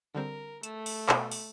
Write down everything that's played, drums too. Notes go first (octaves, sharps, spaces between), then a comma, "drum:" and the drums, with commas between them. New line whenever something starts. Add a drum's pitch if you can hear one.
D3 G3 C4 A#4
A3 E7, drum: hi-hat
drum: open hi-hat
B2, drum: clap
drum: open hi-hat